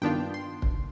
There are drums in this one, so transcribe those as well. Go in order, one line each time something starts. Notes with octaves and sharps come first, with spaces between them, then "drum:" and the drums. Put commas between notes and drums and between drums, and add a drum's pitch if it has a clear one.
G2 D#3 B3 D4 F4 G5
C6
drum: kick